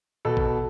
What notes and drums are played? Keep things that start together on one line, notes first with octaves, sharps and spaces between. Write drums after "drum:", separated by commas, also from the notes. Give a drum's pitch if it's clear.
B2 A4
drum: kick A1